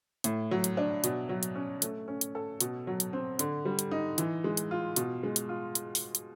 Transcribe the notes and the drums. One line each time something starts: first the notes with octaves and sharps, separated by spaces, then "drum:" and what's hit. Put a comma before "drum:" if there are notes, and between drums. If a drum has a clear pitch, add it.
A2, drum: hi-hat
F#3
drum: hi-hat
D4
B2, drum: hi-hat
F#3
drum: hi-hat
C#4
A3, drum: hi-hat
C#4
drum: hi-hat
A4
B2, drum: hi-hat
F#3
drum: hi-hat
C4
D3, drum: hi-hat
G3
drum: hi-hat
D#4
E3, drum: hi-hat
G#3
drum: hi-hat
F4
B2, drum: hi-hat
G#3
drum: hi-hat
F4
drum: hi-hat
drum: open hi-hat
drum: hi-hat